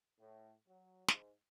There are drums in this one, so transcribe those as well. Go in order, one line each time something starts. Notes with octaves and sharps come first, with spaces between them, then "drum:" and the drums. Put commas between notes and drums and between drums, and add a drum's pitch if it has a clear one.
A2
F#3
G#2, drum: snare